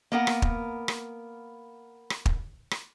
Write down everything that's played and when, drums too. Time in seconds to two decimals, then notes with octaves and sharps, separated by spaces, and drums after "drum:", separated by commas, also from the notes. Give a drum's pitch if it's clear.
0.12 A#3 B3 A#4 F#5
0.27 drum: rim click
0.42 drum: kick
0.88 drum: rim click
2.10 drum: rim click
2.26 drum: kick
2.71 drum: rim click